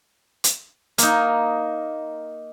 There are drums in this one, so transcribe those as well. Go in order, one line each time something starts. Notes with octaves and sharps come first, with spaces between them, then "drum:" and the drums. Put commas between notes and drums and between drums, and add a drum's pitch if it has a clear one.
drum: hi-hat
A#3 D#4, drum: hi-hat